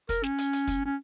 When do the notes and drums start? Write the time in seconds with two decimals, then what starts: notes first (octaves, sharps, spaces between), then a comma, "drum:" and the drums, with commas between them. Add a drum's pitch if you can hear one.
0.09 A#4, drum: kick, hi-hat
0.23 C#4, drum: snare
0.38 drum: hi-hat
0.53 drum: hi-hat
0.68 drum: kick, hi-hat
0.86 C#4